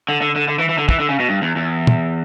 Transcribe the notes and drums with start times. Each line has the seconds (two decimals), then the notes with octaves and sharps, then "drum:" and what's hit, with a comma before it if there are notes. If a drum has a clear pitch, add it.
0.09 D3
0.21 D3
0.36 D3
0.48 D3
0.59 E3
0.69 E3
0.78 D3
0.89 E3, drum: kick
1.00 D3
1.09 C#3
1.20 B2
1.29 G2
1.42 E2
1.56 E2
1.87 drum: tom